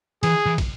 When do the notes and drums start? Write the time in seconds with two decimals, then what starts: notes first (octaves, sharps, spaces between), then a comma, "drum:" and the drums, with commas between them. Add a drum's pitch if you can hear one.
0.23 E3 G#4, drum: cymbal
0.46 E3
0.58 drum: kick, cymbal